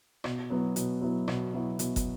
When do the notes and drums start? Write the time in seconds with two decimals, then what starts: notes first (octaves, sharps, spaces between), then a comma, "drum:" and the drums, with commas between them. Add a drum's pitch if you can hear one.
0.24 B2, drum: rim click
0.50 F#3 B3 E4
0.76 B2, drum: hi-hat
1.01 F#3 B3 E4
1.28 B2, drum: rim click
1.53 F#3 B3 E4
1.79 B2, drum: hi-hat
1.96 drum: kick, hi-hat